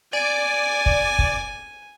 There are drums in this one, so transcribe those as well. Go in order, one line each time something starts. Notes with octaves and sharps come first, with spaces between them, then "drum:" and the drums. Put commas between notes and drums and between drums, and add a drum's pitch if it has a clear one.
D5 G#5
drum: kick
drum: kick